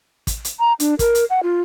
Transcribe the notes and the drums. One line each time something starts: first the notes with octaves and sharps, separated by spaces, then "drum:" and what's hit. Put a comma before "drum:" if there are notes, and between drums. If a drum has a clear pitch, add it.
drum: kick, hi-hat
drum: hi-hat
A#5
D4, drum: hi-hat
A#4, drum: kick, hi-hat
drum: hi-hat
F#5
F4